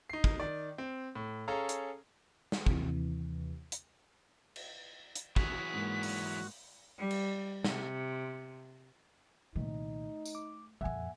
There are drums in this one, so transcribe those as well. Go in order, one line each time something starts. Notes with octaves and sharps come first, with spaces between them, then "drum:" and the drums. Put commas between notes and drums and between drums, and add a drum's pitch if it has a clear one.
D#4 C7
drum: kick
D#3 D5
C4
A2
C#4 G#4 A4 F5 A#5
drum: hi-hat
drum: snare
D#2 C3 E3, drum: kick
drum: hi-hat
drum: cymbal
drum: hi-hat
E3 F#3 F#4 G#4 B6, drum: kick
G#2 A#3
drum: open hi-hat
G3
drum: cymbal
C3, drum: snare
C2 A#2 D#3 A3 D#4
drum: tambourine
D6
F2 A#2 E5 F#5 G#5